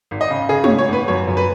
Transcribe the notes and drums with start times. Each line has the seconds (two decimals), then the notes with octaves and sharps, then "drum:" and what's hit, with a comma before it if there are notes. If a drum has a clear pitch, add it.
0.11 G#1
0.21 D#5
0.30 C#3
0.49 C#3 G#4
0.64 C#5, drum: tom G#3
0.69 G#1
0.78 C#5
0.88 G#1 B4
1.08 F#2 C#5
1.28 F#2
1.37 B4